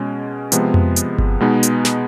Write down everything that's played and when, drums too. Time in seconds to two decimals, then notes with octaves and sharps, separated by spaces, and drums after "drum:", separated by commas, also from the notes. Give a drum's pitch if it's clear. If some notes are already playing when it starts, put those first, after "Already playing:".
Already playing: B2 G#3 C#4
0.52 C3 F3 G#3 B3, drum: hi-hat
0.74 drum: tom F2
0.96 drum: hi-hat
1.18 drum: kick G1
1.40 B2 G#3 B3 D#4
1.63 drum: hi-hat
1.85 drum: snare